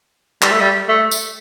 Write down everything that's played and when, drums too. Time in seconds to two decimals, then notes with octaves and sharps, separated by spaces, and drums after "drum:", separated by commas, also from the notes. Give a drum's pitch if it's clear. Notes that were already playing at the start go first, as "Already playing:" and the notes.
0.42 G3, drum: clap
0.51 A3
0.61 G3
0.88 A3
1.11 drum: tambourine